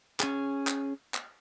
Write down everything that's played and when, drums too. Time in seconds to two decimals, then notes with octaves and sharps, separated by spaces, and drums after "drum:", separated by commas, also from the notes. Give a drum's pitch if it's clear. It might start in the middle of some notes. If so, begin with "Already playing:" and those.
0.20 C#4 G#4, drum: clap
0.67 drum: clap
1.14 drum: clap